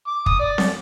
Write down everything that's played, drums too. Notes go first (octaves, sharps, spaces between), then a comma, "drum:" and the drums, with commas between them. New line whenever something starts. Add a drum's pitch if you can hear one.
D6
D#6, drum: kick
D5
drum: snare C4